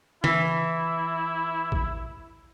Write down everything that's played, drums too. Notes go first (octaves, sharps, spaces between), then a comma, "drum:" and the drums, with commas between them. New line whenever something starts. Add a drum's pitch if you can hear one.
E3 E4, drum: tom C#3
drum: kick A1